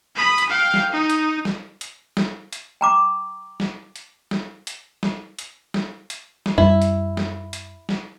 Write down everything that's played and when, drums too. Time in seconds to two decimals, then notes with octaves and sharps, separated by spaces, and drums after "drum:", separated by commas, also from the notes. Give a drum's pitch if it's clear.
0.16 B5 D#6
0.38 drum: hi-hat
0.49 F5 G5
0.74 drum: snare
0.92 D#4
1.10 drum: hi-hat
1.45 drum: snare
1.81 drum: hi-hat
2.17 drum: snare
2.53 drum: hi-hat
2.81 G5 A#5 D6
3.60 drum: snare
3.96 drum: hi-hat
4.31 drum: snare
4.67 drum: hi-hat
5.03 drum: snare
5.39 drum: hi-hat
5.74 drum: snare
6.10 drum: hi-hat
6.46 drum: snare
6.58 F#2 G3 E4
6.82 drum: hi-hat
7.17 drum: snare
7.53 drum: hi-hat
7.89 drum: snare